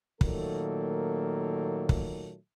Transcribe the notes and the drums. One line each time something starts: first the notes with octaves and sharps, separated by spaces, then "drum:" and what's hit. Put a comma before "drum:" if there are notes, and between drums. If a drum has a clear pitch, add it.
A#2 D#3 F#3 A3 A#3 A4, drum: kick
drum: kick